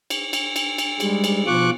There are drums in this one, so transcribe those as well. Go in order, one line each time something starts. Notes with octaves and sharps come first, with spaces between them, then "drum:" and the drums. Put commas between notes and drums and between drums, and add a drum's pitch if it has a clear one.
drum: cymbal
drum: cymbal
drum: cymbal
drum: cymbal
G3 G#3, drum: cymbal
drum: cymbal
B2 F3 F4 C#6 D6 F#6